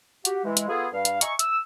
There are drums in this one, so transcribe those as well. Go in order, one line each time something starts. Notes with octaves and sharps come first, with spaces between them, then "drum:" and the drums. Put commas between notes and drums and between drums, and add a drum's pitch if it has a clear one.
F#4 G4, drum: hi-hat
E3 G#3
drum: hi-hat
B3 F4 G#4 A4
G2 F5
drum: hi-hat
D#5 E5 G#5 A#5 C#6, drum: hi-hat
E6, drum: hi-hat